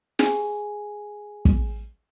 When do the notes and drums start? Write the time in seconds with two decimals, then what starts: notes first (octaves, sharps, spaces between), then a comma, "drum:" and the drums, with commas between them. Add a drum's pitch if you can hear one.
0.19 G#4 G#5, drum: snare
1.45 drum: kick